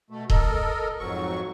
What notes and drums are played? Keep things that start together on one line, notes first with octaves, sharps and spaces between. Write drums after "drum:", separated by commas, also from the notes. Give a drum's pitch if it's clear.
B2 A3
A4 A#4 D#5, drum: kick D#1
F2 G#2 F#3 C#6